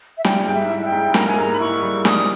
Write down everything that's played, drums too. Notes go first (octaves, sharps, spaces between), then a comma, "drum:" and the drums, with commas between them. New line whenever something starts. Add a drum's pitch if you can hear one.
E5
G3 G5, drum: snare
G#2
E5
E4
G5
G#2
A#3 A#5, drum: snare
G#5
G#2 A#5
B5
E4 C#6
G3
G3 D#6, drum: snare